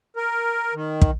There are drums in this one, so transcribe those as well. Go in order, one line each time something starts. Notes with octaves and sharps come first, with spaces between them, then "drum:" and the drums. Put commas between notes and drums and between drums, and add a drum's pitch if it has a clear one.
A#4
D#3
drum: kick